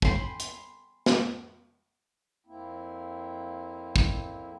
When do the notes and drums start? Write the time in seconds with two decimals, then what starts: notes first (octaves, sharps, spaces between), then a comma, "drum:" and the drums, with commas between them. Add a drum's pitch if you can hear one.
0.02 G5 G#5 B5 C6, drum: kick
0.40 drum: hi-hat
1.06 drum: snare
2.45 F2 A#3 C4 E4
3.96 drum: kick